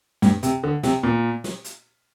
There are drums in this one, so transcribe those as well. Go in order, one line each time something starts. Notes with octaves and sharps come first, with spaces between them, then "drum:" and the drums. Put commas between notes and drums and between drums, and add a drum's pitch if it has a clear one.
G2, drum: snare
C3, drum: hi-hat
D3
C3, drum: snare
A#2
drum: snare
drum: hi-hat